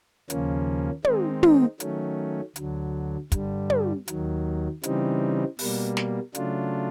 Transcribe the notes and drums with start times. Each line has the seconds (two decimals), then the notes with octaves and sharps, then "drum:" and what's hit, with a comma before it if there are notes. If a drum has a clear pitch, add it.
0.30 D#2 C#3 F3 A#3 C#4, drum: hi-hat
1.04 D#3 G#3 C4 D#4, drum: tom
1.43 drum: tom
1.80 D#3 F#3 A3 C#4, drum: hi-hat
2.56 D2 D3 F#3, drum: hi-hat
3.32 G2 D3 G3, drum: kick, hi-hat
3.70 drum: tom
4.08 D#2 D#3 F#3, drum: hi-hat
4.83 C#3 E3 G3 C4 D#4, drum: hi-hat
5.59 B2 G3 A#3, drum: open hi-hat
5.97 drum: snare
6.35 C#3 F#3 A3 D4 F4, drum: hi-hat